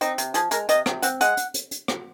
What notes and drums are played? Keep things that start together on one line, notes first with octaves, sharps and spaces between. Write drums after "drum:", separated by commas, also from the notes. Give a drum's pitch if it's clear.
C4 D#4, drum: hi-hat
C3, drum: hi-hat
F3 G#4, drum: hi-hat
G#3 A#4, drum: hi-hat
C3 D#5, drum: hi-hat
C3, drum: rim click
C4 F#5, drum: hi-hat
G#3 F#5, drum: hi-hat
drum: hi-hat
drum: hi-hat
drum: hi-hat
drum: rim click